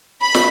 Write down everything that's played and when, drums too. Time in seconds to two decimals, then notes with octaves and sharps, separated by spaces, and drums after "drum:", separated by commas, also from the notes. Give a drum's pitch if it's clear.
0.21 B5
0.34 drum: snare